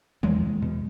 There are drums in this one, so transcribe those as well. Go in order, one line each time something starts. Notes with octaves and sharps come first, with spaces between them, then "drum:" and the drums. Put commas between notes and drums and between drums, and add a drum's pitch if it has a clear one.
E2 E3 G#3, drum: tom
E2
B2